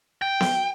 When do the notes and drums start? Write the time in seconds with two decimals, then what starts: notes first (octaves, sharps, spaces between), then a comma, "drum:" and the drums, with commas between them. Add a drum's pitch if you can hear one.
0.22 G5
0.40 drum: snare B3